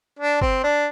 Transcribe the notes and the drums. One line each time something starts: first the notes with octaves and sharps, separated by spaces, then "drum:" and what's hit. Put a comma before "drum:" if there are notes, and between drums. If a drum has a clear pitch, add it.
D4
C4, drum: kick G1
D4